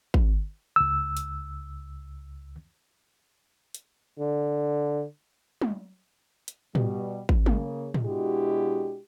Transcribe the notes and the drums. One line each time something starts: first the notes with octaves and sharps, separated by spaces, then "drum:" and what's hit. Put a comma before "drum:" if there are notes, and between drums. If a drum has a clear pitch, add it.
drum: kick G#1
C#2 E6
drum: hi-hat
drum: hi-hat
D3
drum: tom
drum: hi-hat
B2 G3, drum: tom
drum: kick G#1
C#3 A#3, drum: tom
drum: tom
B2 G#3 D4 E4 F#4 G4